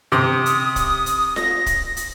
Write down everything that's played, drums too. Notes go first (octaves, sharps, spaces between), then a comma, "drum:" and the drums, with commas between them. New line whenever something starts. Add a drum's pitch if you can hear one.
C3 D#6
drum: hi-hat
drum: kick, hi-hat
drum: hi-hat
A#6, drum: snare F4
drum: kick, hi-hat
drum: hi-hat